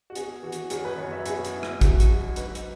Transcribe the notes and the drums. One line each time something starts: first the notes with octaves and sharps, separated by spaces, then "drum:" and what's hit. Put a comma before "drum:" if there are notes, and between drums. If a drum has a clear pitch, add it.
F#4
B3 G#4, drum: hi-hat
E3 F#4
drum: hi-hat
F#2 G#4, drum: hi-hat
B4
F#2 C#5
E5
B2 G#4, drum: hi-hat
drum: hi-hat
E4
drum: rim click
F#3, drum: kick A1, hi-hat
drum: hi-hat
F#3
G#2 B4, drum: hi-hat
drum: hi-hat